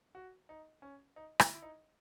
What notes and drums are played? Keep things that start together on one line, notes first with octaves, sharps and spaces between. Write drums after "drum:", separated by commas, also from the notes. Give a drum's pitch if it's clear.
F#4
D#4
C#4
D#4
E4, drum: rim click
E4
D#4